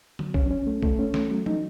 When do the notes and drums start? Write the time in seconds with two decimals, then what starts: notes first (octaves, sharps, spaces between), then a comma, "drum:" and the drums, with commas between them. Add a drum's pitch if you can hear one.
0.19 F#3, drum: tom D3
0.34 C#4, drum: kick B1
0.51 C#4
0.67 A3
0.83 A3, drum: kick B1
0.99 C#4
1.14 A3, drum: snare
1.31 F#3
1.46 D#4, drum: tom E3